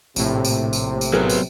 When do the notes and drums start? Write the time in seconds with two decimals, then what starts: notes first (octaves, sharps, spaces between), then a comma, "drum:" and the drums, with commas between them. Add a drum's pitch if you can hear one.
0.16 A#1 A2 C3, drum: tambourine
0.45 drum: tambourine
0.73 drum: tambourine
1.01 drum: tambourine
1.13 F#3 B3 G#4 A#4 B4
1.29 drum: tambourine